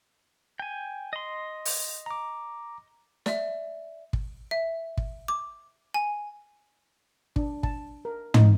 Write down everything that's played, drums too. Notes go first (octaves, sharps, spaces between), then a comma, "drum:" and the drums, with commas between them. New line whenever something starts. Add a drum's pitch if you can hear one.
G5 G#5
D#5 C6
drum: open hi-hat
A#5 D6
D5 E5, drum: snare
drum: kick
E5
drum: kick
D6
G#5
D4, drum: kick
A5, drum: kick
A#4
D#4, drum: tom